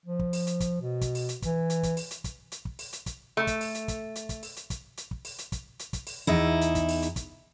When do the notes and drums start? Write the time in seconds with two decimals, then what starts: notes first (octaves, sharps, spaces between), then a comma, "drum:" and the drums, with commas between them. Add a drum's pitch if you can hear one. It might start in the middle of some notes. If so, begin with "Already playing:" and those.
0.06 F3
0.19 drum: kick
0.33 drum: open hi-hat
0.47 drum: hi-hat
0.60 drum: kick, hi-hat
0.81 B2
1.01 drum: kick, hi-hat
1.15 drum: open hi-hat
1.29 drum: hi-hat
1.42 E3, drum: kick, hi-hat
1.70 drum: hi-hat
1.83 drum: kick, hi-hat
1.97 drum: open hi-hat
2.11 drum: hi-hat
2.24 drum: kick, hi-hat
2.52 drum: hi-hat
2.65 drum: kick
2.79 drum: open hi-hat
2.93 drum: hi-hat
3.06 drum: kick, hi-hat
3.37 A3
3.47 drum: kick, hi-hat
3.61 drum: open hi-hat
3.75 drum: hi-hat
3.88 drum: kick, hi-hat
4.15 drum: hi-hat
4.29 drum: kick, hi-hat
4.43 drum: open hi-hat
4.56 drum: hi-hat
4.70 drum: kick, hi-hat
4.97 drum: hi-hat
5.11 drum: kick
5.25 drum: open hi-hat
5.38 drum: hi-hat
5.52 drum: kick, hi-hat
5.79 drum: hi-hat
5.93 drum: kick, hi-hat
6.07 drum: open hi-hat
6.27 E2 D#4 E4
6.61 drum: hi-hat
6.75 drum: kick, hi-hat
6.89 drum: open hi-hat
7.02 drum: hi-hat
7.16 drum: kick, hi-hat